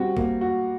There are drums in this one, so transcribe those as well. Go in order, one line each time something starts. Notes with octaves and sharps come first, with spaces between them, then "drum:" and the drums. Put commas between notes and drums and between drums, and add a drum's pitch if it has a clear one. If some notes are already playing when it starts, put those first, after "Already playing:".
Already playing: G3 C4 F#4
A#3, drum: kick A1
F#4